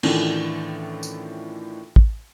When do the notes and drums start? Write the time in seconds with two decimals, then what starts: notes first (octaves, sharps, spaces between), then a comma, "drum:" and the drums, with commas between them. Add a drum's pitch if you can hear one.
0.03 A2 D#3 E3 C#4 D4 F4, drum: cymbal
1.03 drum: tambourine
1.96 drum: kick